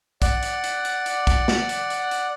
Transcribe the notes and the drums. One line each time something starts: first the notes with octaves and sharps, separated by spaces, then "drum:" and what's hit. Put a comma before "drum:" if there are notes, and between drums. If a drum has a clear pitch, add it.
D5 F#5, drum: kick B1, hi-hat
drum: hi-hat
drum: hi-hat
drum: hi-hat
drum: hi-hat
drum: kick B1, hi-hat
drum: snare
drum: hi-hat
drum: hi-hat
drum: hi-hat